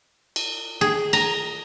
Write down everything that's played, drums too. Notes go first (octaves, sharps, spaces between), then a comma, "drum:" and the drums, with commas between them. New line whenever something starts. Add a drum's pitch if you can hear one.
drum: cymbal
G#4
A#5, drum: cymbal